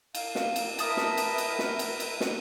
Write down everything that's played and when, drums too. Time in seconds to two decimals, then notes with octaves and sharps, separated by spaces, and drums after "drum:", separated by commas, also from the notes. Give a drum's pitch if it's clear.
0.15 F5, drum: cymbal
0.35 drum: snare
0.56 drum: cymbal
0.79 A#4 B4 E5 A5 D#6, drum: cymbal
0.97 drum: snare
1.17 drum: cymbal
1.38 drum: cymbal
1.59 drum: snare
1.79 drum: cymbal
2.00 drum: cymbal
2.20 drum: snare